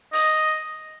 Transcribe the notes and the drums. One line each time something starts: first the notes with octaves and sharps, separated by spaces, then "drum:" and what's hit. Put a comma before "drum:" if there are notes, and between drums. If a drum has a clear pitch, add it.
D#5, drum: open hi-hat